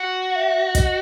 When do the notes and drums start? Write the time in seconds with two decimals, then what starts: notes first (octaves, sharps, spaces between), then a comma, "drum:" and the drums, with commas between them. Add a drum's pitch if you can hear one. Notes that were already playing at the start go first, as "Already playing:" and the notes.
Already playing: F#4
0.31 F#5
0.36 E5
0.75 D#5, drum: kick, hi-hat